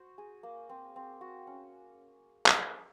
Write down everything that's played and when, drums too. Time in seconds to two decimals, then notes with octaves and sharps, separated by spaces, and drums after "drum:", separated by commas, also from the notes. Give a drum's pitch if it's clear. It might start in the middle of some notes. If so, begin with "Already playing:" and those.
Already playing: F#4 C5
0.18 G#4
0.43 A#3
0.69 C4
0.96 C4
1.21 F#4
1.47 C#4
2.46 drum: clap